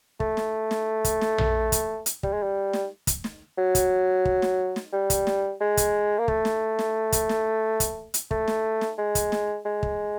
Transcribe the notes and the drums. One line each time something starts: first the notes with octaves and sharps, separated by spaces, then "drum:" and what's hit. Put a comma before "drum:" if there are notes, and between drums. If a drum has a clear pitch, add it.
A3, drum: kick
drum: snare
drum: snare
drum: kick, hi-hat
drum: snare
drum: tom A#1
drum: kick, hi-hat
drum: hi-hat
G3, drum: kick
G#3
G3
drum: snare
drum: kick, hi-hat
drum: snare
F#3
drum: kick, hi-hat
drum: kick
drum: snare
drum: snare
G3
drum: kick, hi-hat
drum: snare
G#3
drum: kick, hi-hat
A#3
A3, drum: kick
drum: snare
drum: snare
drum: kick, hi-hat
drum: snare
drum: kick, hi-hat
drum: hi-hat
A3, drum: kick
drum: snare
drum: snare
G#3
drum: kick, hi-hat
drum: snare
G#3
drum: kick